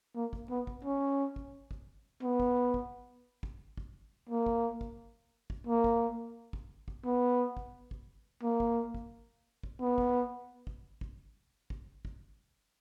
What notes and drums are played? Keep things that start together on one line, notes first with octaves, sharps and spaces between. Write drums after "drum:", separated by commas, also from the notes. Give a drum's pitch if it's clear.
A#3
drum: kick
B3
drum: kick
C#4
drum: kick
drum: kick
B3
drum: kick
drum: kick
drum: kick
drum: kick
A#3
drum: kick
drum: kick
drum: kick
A#3
drum: kick
drum: kick
drum: kick
B3
drum: kick
drum: kick
A#3
drum: kick
drum: kick
drum: kick
B3
drum: kick
drum: kick
drum: kick
drum: kick
drum: kick